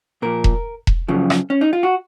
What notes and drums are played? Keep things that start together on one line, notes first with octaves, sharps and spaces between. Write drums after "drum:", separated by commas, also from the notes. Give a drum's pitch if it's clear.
A#2 F3 A#4
drum: kick E1
drum: kick E1
F#2 C#3 F3
drum: rim click
C#4
D#4
F4
F#4